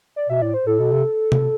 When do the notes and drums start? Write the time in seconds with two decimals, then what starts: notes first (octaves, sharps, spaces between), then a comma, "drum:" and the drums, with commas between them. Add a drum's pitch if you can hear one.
0.16 D5
0.29 B2 E5
0.42 A2 D5
0.54 C5
0.67 A2 A4
0.79 B2
0.92 C3
1.32 drum: tom C3